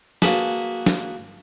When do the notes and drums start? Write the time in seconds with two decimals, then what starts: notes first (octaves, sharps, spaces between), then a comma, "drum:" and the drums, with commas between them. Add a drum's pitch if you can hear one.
0.22 A#3 F#4 G#4 B4 A5, drum: snare
0.86 drum: snare